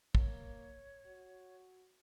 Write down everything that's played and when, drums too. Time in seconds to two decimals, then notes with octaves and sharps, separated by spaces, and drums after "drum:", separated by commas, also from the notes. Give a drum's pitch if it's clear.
0.15 A#3 C#5, drum: kick
1.06 F#4